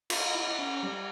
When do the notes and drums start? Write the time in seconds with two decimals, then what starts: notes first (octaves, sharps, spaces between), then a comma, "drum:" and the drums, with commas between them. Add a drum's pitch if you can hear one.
0.10 F4, drum: cymbal
0.34 E4
0.47 E4
0.59 C#4
0.83 G3